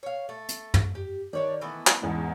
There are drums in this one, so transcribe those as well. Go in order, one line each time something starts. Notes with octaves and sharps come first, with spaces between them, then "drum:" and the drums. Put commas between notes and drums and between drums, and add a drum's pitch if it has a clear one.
C#5 F5
A3
drum: hi-hat
drum: tom
G4
D#3 D4 C#5 D5
E3 A3 B3
drum: clap
E2 G#2 C#3